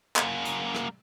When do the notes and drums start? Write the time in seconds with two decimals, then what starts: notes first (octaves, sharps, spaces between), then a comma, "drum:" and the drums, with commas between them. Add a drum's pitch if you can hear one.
0.16 F#2 A#3, drum: clap
0.45 drum: hi-hat
0.75 drum: rim click